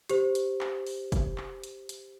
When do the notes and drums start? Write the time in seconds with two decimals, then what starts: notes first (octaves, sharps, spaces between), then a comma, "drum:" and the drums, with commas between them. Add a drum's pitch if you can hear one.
0.09 G4 C5, drum: hi-hat
0.35 drum: hi-hat
0.61 drum: clap
0.87 drum: open hi-hat
1.12 drum: kick, hi-hat
1.38 drum: clap
1.64 drum: hi-hat
1.89 drum: hi-hat